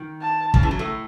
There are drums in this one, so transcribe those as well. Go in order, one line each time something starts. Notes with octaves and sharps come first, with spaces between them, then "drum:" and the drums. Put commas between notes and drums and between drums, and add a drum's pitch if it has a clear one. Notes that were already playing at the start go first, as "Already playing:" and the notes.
Already playing: D#3
A5
C#3, drum: kick
E3
F#3
A2 A3